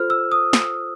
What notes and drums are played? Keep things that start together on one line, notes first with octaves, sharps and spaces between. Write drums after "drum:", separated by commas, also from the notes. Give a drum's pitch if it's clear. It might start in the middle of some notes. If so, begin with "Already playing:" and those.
Already playing: F4 A4 C5 F6
E6
D#6
drum: snare